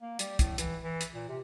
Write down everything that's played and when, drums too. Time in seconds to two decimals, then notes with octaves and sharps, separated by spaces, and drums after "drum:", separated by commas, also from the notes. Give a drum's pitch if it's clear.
0.02 A#3
0.19 G3, drum: hi-hat
0.39 A2, drum: kick, hi-hat
0.58 E3, drum: hi-hat
0.83 E3
1.01 drum: hi-hat
1.14 A#2
1.29 C3